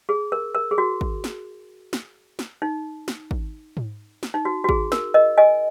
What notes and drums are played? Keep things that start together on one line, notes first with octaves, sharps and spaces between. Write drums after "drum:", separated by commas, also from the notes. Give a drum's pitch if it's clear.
G#4
A#4
A#4
G#4
F#4
drum: kick
drum: snare
drum: snare
drum: snare
D#4
drum: snare
drum: kick
drum: tom G#2
drum: snare
D#4
F#4
F#4
G#4, drum: kick
A#4, drum: snare
A#4 D#5
D#5 G#5